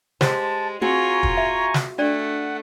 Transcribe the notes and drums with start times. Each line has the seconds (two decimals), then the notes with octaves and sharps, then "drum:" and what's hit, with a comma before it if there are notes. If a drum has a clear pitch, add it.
0.21 G#3 G4 C5 A5, drum: snare
0.81 C4 F4 F#4 G#4 G#5 A#5 C#6
1.23 drum: kick
1.37 E5
1.74 drum: snare
1.98 A3 D4 D5 F#5